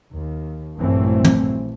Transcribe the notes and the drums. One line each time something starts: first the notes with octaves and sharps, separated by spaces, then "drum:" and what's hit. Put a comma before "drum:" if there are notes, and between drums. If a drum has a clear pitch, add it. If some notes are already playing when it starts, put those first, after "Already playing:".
D#2
A#1 G2 E3 F#3 A3 C4
drum: tom